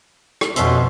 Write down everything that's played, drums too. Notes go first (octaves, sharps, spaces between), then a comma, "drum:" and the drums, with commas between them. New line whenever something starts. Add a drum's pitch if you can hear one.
drum: rim click
F2 B2 C4 C#4 E5 C6, drum: hi-hat